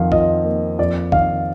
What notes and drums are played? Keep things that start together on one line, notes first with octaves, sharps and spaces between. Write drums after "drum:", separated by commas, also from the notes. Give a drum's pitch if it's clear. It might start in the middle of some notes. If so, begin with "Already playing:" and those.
Already playing: F2 D#3 F5
F4 D#5, drum: kick
A#3
F2 D5
D#3 F5, drum: kick